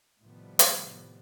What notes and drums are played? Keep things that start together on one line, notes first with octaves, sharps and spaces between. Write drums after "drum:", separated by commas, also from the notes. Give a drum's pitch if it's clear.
A2 C3 D#3 F3 G3 B3
drum: hi-hat